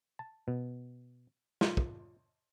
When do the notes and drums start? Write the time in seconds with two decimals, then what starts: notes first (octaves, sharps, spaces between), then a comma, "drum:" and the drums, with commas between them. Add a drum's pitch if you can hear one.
0.19 A5
0.48 B2
1.61 F4, drum: snare
1.77 drum: kick